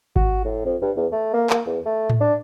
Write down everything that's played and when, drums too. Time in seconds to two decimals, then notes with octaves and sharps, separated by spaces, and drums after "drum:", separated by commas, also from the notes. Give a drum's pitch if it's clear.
0.16 F#4, drum: kick G#1
0.45 A2
0.65 F2
0.82 G2
0.96 E2
1.12 A3
1.34 A#3
1.50 A#3, drum: clap
1.66 E2
1.86 A3
2.10 drum: tom A2
2.20 D4